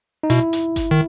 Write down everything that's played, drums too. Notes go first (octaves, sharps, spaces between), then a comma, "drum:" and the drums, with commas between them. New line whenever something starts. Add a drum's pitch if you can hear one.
D#4
B2 E4, drum: hi-hat
drum: hi-hat
drum: kick G1, hi-hat
D#3